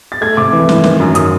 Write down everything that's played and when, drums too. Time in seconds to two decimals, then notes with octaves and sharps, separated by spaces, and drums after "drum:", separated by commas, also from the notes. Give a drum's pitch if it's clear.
0.12 A6
0.21 A3 G#6
0.37 C3 D6
0.52 E3
0.69 E3, drum: snare
0.84 D#3, drum: snare
1.00 F#2
1.15 D#3 D#6, drum: hi-hat